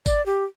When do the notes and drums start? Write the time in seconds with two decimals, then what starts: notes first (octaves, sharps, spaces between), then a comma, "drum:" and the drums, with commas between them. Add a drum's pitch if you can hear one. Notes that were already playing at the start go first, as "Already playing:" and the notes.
0.06 D5, drum: kick G#1, tambourine
0.26 G4